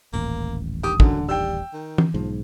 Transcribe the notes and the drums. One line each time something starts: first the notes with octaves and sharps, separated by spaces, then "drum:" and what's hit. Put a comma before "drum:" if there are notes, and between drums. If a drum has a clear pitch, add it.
D#1 A1 A#3
G4 D#6
F#2 D3, drum: kick
G3 G5 E6
D#3
drum: tom
B1 G#2 F3